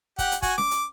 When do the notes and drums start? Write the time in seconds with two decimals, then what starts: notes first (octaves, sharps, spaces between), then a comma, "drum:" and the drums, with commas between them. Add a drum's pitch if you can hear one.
0.18 G4 F#5, drum: kick, hi-hat
0.32 drum: hi-hat
0.42 F#4 G#5, drum: kick, hi-hat
0.58 D6, drum: snare C#4
0.71 drum: hi-hat